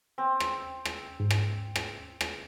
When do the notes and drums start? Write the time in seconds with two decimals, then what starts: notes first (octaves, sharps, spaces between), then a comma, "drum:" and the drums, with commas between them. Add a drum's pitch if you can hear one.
0.18 C4
0.40 drum: rim click
0.85 drum: rim click
1.20 G#2
1.30 drum: rim click
1.76 drum: rim click
2.21 drum: rim click